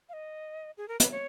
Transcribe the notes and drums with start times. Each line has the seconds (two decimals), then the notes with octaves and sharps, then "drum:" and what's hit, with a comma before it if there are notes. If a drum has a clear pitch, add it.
0.09 F5
0.13 D#5
0.78 G#4
0.88 A#4
1.00 B4, drum: hi-hat
1.12 C#5